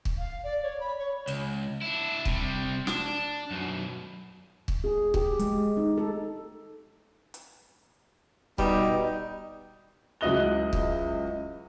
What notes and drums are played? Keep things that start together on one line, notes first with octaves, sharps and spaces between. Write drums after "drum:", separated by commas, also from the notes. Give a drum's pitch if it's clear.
drum: kick
F5
D5
C#5
B5
C#5
C#2, drum: hi-hat
D4 E4
C3 G3, drum: kick
D4, drum: snare
F#2 B2
drum: kick
G#4
G4, drum: kick
G#3, drum: hi-hat
D#4
A4
drum: hi-hat
B2 G3 D#4, drum: kick
C#2 F#3 E4 D#5 F#6 G7
drum: kick